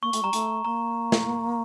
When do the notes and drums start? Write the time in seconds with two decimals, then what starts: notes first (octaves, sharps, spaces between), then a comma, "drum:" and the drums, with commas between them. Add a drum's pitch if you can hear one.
0.03 A#3 C#6
0.13 A3, drum: hi-hat
0.23 G3 A#5
0.33 A3, drum: hi-hat
0.65 A#3 A#5
1.12 drum: snare